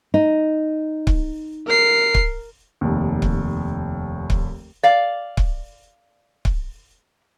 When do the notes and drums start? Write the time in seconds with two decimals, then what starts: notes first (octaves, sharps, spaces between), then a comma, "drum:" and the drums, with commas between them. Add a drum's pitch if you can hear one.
0.14 D#4
1.07 drum: kick C#1
1.67 A#4 C7
2.14 drum: kick C#1
2.81 F1 D#2
3.22 drum: kick C#1
4.30 drum: kick C#1
4.83 D5 F5
5.37 drum: kick C#1
6.45 drum: kick C#1